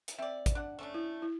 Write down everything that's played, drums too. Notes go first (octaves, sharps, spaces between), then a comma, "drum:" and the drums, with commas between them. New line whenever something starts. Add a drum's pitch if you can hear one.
drum: hi-hat
C4 D5 E5
drum: kick A1, hi-hat
D4 F#5
A3 C#4 D4
E4
E4